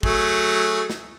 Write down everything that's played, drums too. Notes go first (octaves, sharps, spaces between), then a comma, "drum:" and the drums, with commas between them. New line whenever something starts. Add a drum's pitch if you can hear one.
F#3 A3 G#4, drum: kick
drum: snare